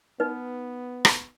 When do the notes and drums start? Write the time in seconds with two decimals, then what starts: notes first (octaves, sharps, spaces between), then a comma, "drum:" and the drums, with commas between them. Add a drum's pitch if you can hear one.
0.20 B3 D#4 B4
1.05 drum: rim click